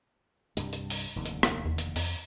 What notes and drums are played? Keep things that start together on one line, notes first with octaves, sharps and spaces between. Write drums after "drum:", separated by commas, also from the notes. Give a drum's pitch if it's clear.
C2 G2 G3, drum: hi-hat
drum: hi-hat
drum: open hi-hat
F1 D#2 D3
drum: hi-hat
drum: rim click
E2
drum: hi-hat
F2, drum: open hi-hat